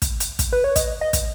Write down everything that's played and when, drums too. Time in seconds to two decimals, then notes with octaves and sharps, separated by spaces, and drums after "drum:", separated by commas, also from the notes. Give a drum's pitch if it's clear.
0.02 drum: kick, hi-hat
0.20 drum: hi-hat
0.39 drum: kick, hi-hat
0.52 B4
0.64 C#5
0.76 D#5, drum: kick, hi-hat
1.01 D#5
1.13 drum: kick, hi-hat